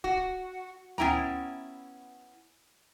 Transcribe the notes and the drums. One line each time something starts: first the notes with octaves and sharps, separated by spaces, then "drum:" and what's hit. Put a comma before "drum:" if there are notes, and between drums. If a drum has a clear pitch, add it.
F#4, drum: kick
drum: kick
B3 C#4 E4 G5 A#5, drum: tom D2